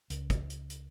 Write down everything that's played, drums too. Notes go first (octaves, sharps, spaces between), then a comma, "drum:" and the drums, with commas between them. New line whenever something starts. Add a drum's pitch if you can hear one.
C#2, drum: hi-hat
drum: kick, hi-hat
drum: hi-hat
drum: hi-hat